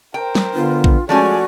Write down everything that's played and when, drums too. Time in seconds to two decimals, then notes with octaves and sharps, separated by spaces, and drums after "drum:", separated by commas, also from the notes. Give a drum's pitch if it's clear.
0.14 A#4 C5 G5
0.35 drum: snare F#3
0.55 D3 B3 F4
0.84 drum: kick A#1
1.09 F3 G#3 A3 C#4 F#4 D5 G#5